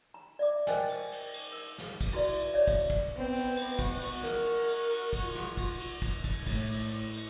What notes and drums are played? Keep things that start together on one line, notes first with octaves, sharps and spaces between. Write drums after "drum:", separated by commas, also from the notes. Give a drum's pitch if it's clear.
A#5
D5 E5 D6
A#4 C5 D#5 G5 G#5, drum: snare
drum: cymbal
drum: cymbal
drum: cymbal
E6
drum: snare
drum: kick, cymbal
E4 F#4 B4 D5 E5
drum: cymbal
C#5 D5 E5
drum: kick, cymbal
drum: kick
B3 C4
drum: cymbal
drum: cymbal
F#4, drum: kick, cymbal
drum: cymbal
A#4, drum: snare
drum: cymbal
drum: cymbal
drum: cymbal
drum: kick, cymbal
F4
drum: snare
drum: kick, cymbal
drum: cymbal
drum: kick, cymbal
drum: kick, cymbal
A2, drum: kick, cymbal
drum: cymbal
drum: cymbal
drum: cymbal